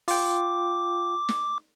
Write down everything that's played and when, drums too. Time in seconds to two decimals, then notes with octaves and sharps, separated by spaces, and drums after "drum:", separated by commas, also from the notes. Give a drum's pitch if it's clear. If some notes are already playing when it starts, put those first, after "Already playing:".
0.08 F4 G5 D6, drum: open hi-hat
1.29 drum: snare